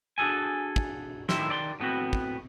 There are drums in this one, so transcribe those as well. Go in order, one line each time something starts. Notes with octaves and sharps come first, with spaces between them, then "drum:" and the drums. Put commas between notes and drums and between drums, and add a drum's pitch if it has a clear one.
D4 F#4 G#4 A4 G#5
drum: kick
A2 D#3 E4 E5 C6, drum: snare
D#3 D5 B5 C6
A2 B3 C4 F#4
drum: kick